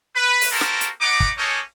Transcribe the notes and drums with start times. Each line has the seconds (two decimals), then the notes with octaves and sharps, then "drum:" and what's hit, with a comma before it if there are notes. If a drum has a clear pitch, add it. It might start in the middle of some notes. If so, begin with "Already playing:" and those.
0.15 B4
0.41 drum: open hi-hat
0.51 A#3 C4 F#4 G4 A4 A#4
0.61 drum: snare
0.81 drum: hi-hat
1.01 B3 D#4 F#5 D6
1.20 drum: kick
1.37 G#3 A#3 C#4 D#4 A4 C#5